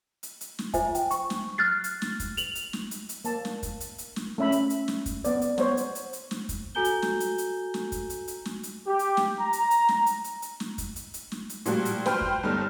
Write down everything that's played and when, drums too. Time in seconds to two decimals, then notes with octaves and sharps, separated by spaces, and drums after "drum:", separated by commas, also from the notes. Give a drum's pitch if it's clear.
0.23 drum: hi-hat
0.41 drum: hi-hat
0.59 drum: snare
0.74 F4 C5 E5 G#5, drum: kick, hi-hat
0.95 G5, drum: hi-hat
1.11 C#6, drum: hi-hat
1.30 drum: snare
1.58 F6 F#6 A6 C7
1.84 drum: hi-hat
2.02 drum: snare
2.20 drum: kick, hi-hat
2.37 F7 F#7, drum: hi-hat
2.55 drum: hi-hat
2.73 drum: snare
2.91 drum: hi-hat
3.09 drum: hi-hat
3.25 A#3 A5, drum: hi-hat
3.45 drum: snare
3.63 drum: kick, hi-hat
3.80 drum: hi-hat
3.98 drum: hi-hat
4.16 drum: snare
4.38 A3 C#4 E5 B5
4.52 drum: hi-hat
4.70 drum: hi-hat
4.88 drum: snare
5.06 drum: kick, hi-hat
5.24 B3 D5, drum: hi-hat
5.41 drum: hi-hat
5.58 B3 C5 C#5, drum: snare
5.77 drum: hi-hat
5.95 drum: hi-hat
6.13 drum: hi-hat
6.31 drum: snare
6.49 drum: kick, hi-hat
6.75 F#4 A4 G#5 A#5 G6 G7
6.85 drum: hi-hat
7.02 drum: snare
7.20 drum: hi-hat
7.38 drum: hi-hat
7.74 drum: snare
7.92 drum: kick, hi-hat
8.10 drum: hi-hat
8.28 drum: hi-hat
8.45 drum: snare
8.63 drum: hi-hat
8.87 G4
8.99 drum: hi-hat
9.17 drum: snare
9.39 A#5
9.53 drum: hi-hat
9.71 drum: hi-hat
9.89 drum: snare
10.06 drum: hi-hat
10.24 drum: hi-hat
10.42 drum: hi-hat
10.60 drum: snare
10.78 drum: kick, hi-hat
10.96 drum: hi-hat
11.14 drum: hi-hat
11.32 drum: snare
11.49 drum: hi-hat
11.66 A#2 F3 G3 F#4, drum: hi-hat
11.85 drum: hi-hat
12.06 B4 C5 G5 C6 F6, drum: snare
12.21 drum: kick
12.43 G1 G3 D#4 A4 F6